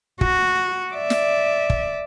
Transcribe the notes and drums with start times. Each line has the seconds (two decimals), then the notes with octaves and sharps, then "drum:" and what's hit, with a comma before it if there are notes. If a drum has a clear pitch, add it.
0.21 F#4, drum: kick
0.93 D5 E5
1.10 drum: snare
1.70 drum: kick